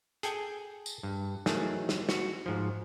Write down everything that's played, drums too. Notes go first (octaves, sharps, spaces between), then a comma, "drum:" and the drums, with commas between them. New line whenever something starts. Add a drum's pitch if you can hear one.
G#4 A4 G5 G#5, drum: hi-hat
drum: tambourine
G2
D#3 E3 F#3 A3 G#4, drum: snare
drum: snare
F#4, drum: snare
G#2 F3